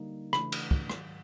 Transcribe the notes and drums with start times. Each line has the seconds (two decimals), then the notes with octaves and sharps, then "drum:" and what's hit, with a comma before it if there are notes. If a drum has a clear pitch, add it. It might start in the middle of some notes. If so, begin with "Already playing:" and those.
Already playing: D3 G3 A#3 D#4
0.33 C#3 E3 A3 D4 B5, drum: rim click
0.52 drum: cymbal
0.71 drum: kick
0.90 G#2 D#3 F#3, drum: rim click